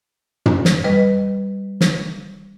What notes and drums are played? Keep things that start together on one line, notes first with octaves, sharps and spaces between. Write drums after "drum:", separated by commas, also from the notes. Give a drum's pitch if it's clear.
drum: tom
drum: snare
G3 B4 D#5
drum: snare